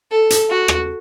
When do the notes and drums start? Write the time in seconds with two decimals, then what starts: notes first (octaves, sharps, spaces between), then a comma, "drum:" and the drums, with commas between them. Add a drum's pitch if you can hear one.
0.11 A4
0.30 drum: hi-hat
0.50 F#4
0.68 drum: rim click